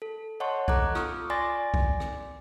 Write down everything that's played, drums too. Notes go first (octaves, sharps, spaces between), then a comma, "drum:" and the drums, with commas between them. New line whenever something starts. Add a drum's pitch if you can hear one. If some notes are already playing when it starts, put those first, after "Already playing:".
A4
C#5 D#5 F#5 A5 C6 C#6
A4 A#5 D6 F#6 G#6, drum: kick B1
F4 C#6 D#6 F6, drum: rim click
D5 G#5 C6 D6 A6 A#6
drum: kick B1
drum: rim click